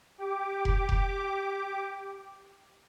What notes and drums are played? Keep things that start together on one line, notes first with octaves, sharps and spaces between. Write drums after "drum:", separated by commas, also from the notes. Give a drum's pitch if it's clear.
G4 D6
drum: kick F1
drum: kick F1